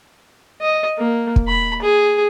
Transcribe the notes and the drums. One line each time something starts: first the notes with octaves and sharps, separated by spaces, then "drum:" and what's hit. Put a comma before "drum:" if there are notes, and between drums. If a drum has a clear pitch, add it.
D#5
A#3
drum: kick
B5
G#4